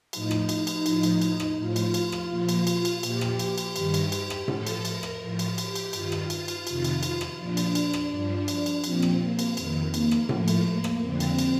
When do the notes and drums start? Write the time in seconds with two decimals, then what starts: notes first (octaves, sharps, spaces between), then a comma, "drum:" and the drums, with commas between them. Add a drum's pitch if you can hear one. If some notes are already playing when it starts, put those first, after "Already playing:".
0.13 A2 F3 D#4, drum: cymbal
0.31 drum: rim click
0.49 drum: cymbal
0.67 drum: cymbal
0.86 A2 F3, drum: cymbal
1.03 drum: cymbal
1.21 drum: cymbal
1.40 drum: rim click
1.58 A2 F3 F4
1.76 drum: cymbal
1.94 drum: cymbal
2.12 drum: rim click
2.30 A#2 F3
2.49 drum: cymbal
2.67 drum: cymbal
2.85 drum: cymbal
3.03 A#2 F3 G4, drum: cymbal
3.21 drum: rim click
3.39 drum: cymbal
3.58 drum: cymbal
3.76 G2 D#3, drum: cymbal
3.94 drum: cymbal
4.12 drum: cymbal
4.30 drum: rim click
4.48 A2 F3 A4, drum: tom A2
4.67 drum: cymbal
4.85 A#4, drum: cymbal
5.03 drum: rim click
5.22 A2 F3
5.39 drum: cymbal
5.58 G4, drum: cymbal
5.76 drum: cymbal
5.93 G2 D#3 F4, drum: cymbal
6.12 drum: rim click
6.30 drum: cymbal
6.48 drum: cymbal
6.67 F2 C3 D#3, drum: cymbal
6.84 drum: cymbal
7.03 drum: cymbal
7.21 drum: rim click
7.38 A#2 F3 D4
7.57 drum: cymbal
7.75 drum: cymbal
7.93 drum: rim click
8.11 G2 F3
8.48 drum: cymbal
8.66 drum: cymbal
8.84 A#2 F3 C4, drum: cymbal
9.02 drum: rim click
9.20 A#3
9.39 drum: cymbal
9.57 F2 D#3, drum: cymbal
9.94 A#3, drum: cymbal
10.11 drum: rim click
10.29 A2 F3 A3, drum: tom A2
10.48 drum: cymbal
10.66 A#3
10.84 drum: rim click
11.02 F2 D3 F3 C4
11.20 drum: cymbal
11.39 drum: cymbal